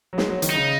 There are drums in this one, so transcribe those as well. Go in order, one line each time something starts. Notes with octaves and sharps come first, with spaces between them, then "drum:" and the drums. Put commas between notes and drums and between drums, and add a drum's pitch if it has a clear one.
F#3
G#3, drum: snare
F#3
D#3, drum: hi-hat
C#3 D#4